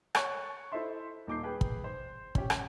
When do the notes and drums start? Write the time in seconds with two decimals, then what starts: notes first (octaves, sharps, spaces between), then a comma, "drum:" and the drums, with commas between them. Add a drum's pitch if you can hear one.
0.15 C#5 C#6 F#6 A6, drum: rim click
0.72 E4 A4 C5 D#5 E5 C6
1.27 D#1 D#4 D6 G6 C7
1.43 G#4 B4 G5
1.61 drum: kick
1.84 C5
2.35 C#4 G4, drum: kick
2.50 drum: rim click